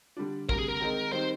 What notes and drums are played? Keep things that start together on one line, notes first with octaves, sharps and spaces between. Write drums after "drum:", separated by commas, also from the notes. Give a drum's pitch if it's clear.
D3 G3 D4
D2 C3 G3 A#4, drum: kick A#1
G#4
A#4
D#3 G#3 C4 D#4
D#3 G3 C4 D#4 C5